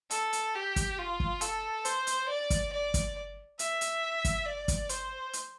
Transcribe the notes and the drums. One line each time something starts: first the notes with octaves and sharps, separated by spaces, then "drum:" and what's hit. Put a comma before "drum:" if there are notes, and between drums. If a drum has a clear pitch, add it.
A4, drum: hi-hat
drum: hi-hat
G4
drum: kick, hi-hat
F4
drum: kick
A4, drum: hi-hat
C5, drum: hi-hat
drum: hi-hat
D5
drum: kick, hi-hat
D5
drum: kick, hi-hat
E5, drum: hi-hat
drum: hi-hat
drum: kick, hi-hat
D5
drum: kick, hi-hat
C5, drum: hi-hat
drum: hi-hat